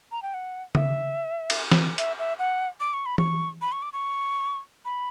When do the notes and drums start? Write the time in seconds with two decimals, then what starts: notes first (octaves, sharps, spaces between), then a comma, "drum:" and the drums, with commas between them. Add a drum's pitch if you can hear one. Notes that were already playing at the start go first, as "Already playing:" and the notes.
0.12 A#5
0.22 G5
0.34 F#5
0.75 E5, drum: tom C#3
1.50 drum: cymbal
1.72 drum: snare E3
1.98 E5, drum: hi-hat
2.19 E5
2.39 F#5
2.80 D6
2.93 C#6
3.06 B5
3.18 C#6, drum: tom E3
3.62 B5
3.72 C#6
3.82 D6
3.93 C#6
4.85 B5